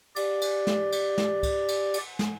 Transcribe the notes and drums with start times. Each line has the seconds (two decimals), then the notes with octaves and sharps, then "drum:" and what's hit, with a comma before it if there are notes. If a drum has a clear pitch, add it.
0.16 G4 D5, drum: cymbal
0.41 drum: cymbal
0.67 drum: snare
0.92 drum: cymbal
1.18 drum: snare
1.43 drum: kick C#2, cymbal
1.68 drum: cymbal
1.94 drum: cymbal
2.19 drum: snare